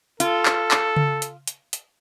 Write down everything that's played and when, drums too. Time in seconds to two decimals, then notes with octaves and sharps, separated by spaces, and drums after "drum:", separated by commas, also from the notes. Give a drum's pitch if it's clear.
0.20 F4 A4, drum: hi-hat
0.46 drum: clap
0.71 drum: clap
0.97 drum: tom C#3
1.22 drum: hi-hat
1.47 drum: hi-hat
1.73 drum: hi-hat